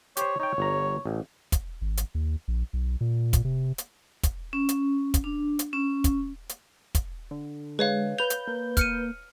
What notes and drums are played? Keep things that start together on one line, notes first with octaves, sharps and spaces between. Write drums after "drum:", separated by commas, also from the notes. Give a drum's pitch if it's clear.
G4 C5 C#5, drum: hi-hat
D#4 C#5 G5
G1 A#5
A1
drum: kick, hi-hat
G#1
drum: hi-hat
D#2
A#1
B1
A#2
drum: kick, hi-hat
C3
drum: hi-hat
drum: kick, hi-hat
C#4
drum: hi-hat
drum: kick, hi-hat
D4
drum: hi-hat
C#4
drum: kick, hi-hat
drum: hi-hat
drum: kick, hi-hat
D3
G#3 B4 C#5 F5
B4 G6 F7
drum: hi-hat
A#3
F6 C#7 D#7, drum: kick, hi-hat